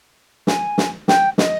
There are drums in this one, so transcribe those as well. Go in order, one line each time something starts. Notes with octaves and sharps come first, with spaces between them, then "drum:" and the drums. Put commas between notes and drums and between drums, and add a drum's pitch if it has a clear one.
G#5, drum: snare
drum: snare
G5, drum: snare
D#5, drum: snare